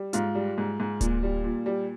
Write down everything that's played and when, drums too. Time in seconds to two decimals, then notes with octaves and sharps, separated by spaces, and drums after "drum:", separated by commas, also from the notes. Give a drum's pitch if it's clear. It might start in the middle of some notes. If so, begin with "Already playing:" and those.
Already playing: G3
0.13 G#2 F4, drum: hi-hat
0.35 G3
0.58 G#2
0.80 G#2
1.01 A#2, drum: kick D1, hi-hat
1.23 G3
1.44 A#2
1.66 G3